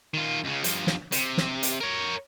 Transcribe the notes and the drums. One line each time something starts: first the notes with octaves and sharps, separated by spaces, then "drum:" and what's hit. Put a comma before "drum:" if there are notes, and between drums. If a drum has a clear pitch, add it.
D#3 F4
C#2 C#3
G2 F3, drum: hi-hat
drum: snare
C3, drum: hi-hat
drum: snare
drum: hi-hat
A#4 C#5